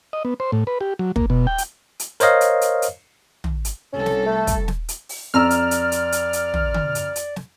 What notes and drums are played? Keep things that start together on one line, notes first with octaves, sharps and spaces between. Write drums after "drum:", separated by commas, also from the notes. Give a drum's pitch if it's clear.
D#5
B3
C5
A2
B4
G4
F#3
A#3, drum: kick
B2
G5
drum: hi-hat
drum: hi-hat
A#4 C5 C#5 D#5 F5, drum: hi-hat
drum: hi-hat
drum: hi-hat
drum: hi-hat
drum: tom
drum: hi-hat
C2 C#4 A4
drum: snare
A3
drum: kick, hi-hat
drum: snare
drum: hi-hat
drum: open hi-hat
F2 D5 A#5 E6 F6
drum: hi-hat
drum: hi-hat
drum: hi-hat
drum: hi-hat
drum: hi-hat
drum: tom
drum: tom D3
drum: hi-hat
drum: hi-hat
drum: snare